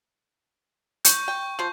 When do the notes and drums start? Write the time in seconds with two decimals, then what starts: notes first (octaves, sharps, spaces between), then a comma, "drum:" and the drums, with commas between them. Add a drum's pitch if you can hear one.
1.05 C#6 G6, drum: hi-hat
1.28 G5
1.59 F3 C5